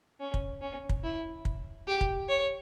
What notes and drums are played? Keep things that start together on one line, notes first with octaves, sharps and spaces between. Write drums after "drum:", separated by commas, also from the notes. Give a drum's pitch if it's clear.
C#4
drum: kick
C#4
drum: kick
E4
drum: kick
G4
drum: kick
C#5